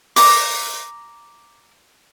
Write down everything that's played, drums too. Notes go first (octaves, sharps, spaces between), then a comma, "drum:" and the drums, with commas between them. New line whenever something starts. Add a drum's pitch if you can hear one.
A#5 D6, drum: open hi-hat